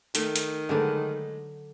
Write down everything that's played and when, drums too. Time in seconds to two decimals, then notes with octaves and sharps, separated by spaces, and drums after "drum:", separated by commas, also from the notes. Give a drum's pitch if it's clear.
0.15 D#3 A3, drum: hi-hat
0.36 drum: hi-hat
0.69 D3 F#3 G#3 A3 D4 B4